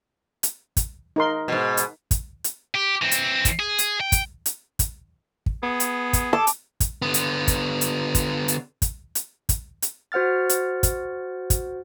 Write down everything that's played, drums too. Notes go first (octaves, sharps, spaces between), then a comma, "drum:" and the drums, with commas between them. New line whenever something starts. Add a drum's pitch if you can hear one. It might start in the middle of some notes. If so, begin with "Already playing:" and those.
drum: hi-hat
drum: kick, hi-hat
D#4 A#4 C6
G#2 B2
drum: hi-hat
drum: kick, hi-hat
drum: hi-hat
G4
E3 C4
drum: hi-hat
drum: kick, hi-hat
G#4
drum: hi-hat
G5
drum: kick, hi-hat
drum: hi-hat
drum: kick, hi-hat
drum: kick
B3 G#4
drum: hi-hat
drum: kick, hi-hat
A4 D6
drum: hi-hat
drum: kick, hi-hat
D3 B3
drum: hi-hat
drum: kick, hi-hat
drum: hi-hat
drum: kick, hi-hat
drum: hi-hat
drum: kick, hi-hat
drum: hi-hat
drum: kick, hi-hat
drum: hi-hat
F#4 C5 F#5 F6 A6
drum: hi-hat
drum: kick, hi-hat
drum: kick, hi-hat